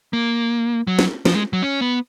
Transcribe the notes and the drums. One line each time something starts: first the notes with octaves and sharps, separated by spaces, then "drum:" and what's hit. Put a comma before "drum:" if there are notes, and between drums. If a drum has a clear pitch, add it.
A#3
F#3
drum: snare
F3, drum: snare
G#3
F#3
C#4
B3